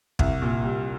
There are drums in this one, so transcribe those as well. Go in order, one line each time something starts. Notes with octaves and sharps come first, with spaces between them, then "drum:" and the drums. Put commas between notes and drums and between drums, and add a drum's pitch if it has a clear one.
C2, drum: kick
A#2
G3